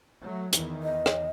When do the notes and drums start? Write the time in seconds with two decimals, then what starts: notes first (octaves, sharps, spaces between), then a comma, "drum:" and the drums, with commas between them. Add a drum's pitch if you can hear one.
0.23 F#3 A3
0.53 E2 D#3 E3, drum: hi-hat
0.83 D#5
1.06 drum: rim click